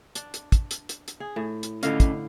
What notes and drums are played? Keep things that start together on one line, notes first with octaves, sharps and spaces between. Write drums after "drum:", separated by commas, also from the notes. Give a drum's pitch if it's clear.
D4, drum: hi-hat
drum: hi-hat
drum: kick, hi-hat
drum: hi-hat
drum: hi-hat
drum: hi-hat
G#4
A2
drum: hi-hat
A2 D3 C#4 D#5 F5, drum: hi-hat
drum: kick, hi-hat